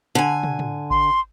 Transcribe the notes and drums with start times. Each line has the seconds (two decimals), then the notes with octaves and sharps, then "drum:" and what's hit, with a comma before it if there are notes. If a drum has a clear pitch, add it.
0.15 D3 G#5
0.43 drum: tom
0.59 drum: tom
0.90 C6, drum: kick G#1